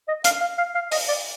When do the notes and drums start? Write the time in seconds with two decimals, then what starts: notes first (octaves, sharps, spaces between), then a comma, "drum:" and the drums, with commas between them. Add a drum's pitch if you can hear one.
0.08 D#5
0.24 F5, drum: hi-hat
0.41 F5
0.58 F5
0.75 F5
0.92 D#5, drum: open hi-hat
1.08 D5